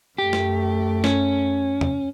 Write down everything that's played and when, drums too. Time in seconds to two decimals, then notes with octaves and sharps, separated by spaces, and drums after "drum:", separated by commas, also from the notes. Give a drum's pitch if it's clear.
0.18 F#2 A3 G4
0.33 drum: snare
1.04 C#4, drum: snare
1.81 drum: tom E2